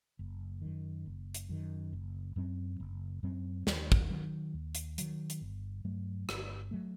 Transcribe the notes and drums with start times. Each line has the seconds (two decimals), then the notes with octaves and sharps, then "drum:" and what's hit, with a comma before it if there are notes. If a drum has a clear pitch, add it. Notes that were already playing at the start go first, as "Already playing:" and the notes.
0.19 F#1
0.62 F#2 D#3
1.06 F#1
1.34 drum: hi-hat
1.49 F#2 D#3
1.93 F#1
2.36 F#2 F#3 C4
2.80 F#1
3.23 F#2 F#3 C4
3.67 D#2, drum: snare
3.92 drum: kick
4.10 D#3 F#3
4.54 D#2
4.75 drum: hi-hat
4.98 D#3 F#3, drum: hi-hat
5.30 drum: hi-hat
5.41 G1
5.84 G2 F#3 A3
6.29 G1, drum: rim click
6.71 F#3 A3